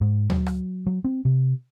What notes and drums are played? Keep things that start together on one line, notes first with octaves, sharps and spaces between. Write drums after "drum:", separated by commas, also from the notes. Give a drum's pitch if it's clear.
G#2
F#3, drum: tom D2
drum: rim click
F#3
C4
C3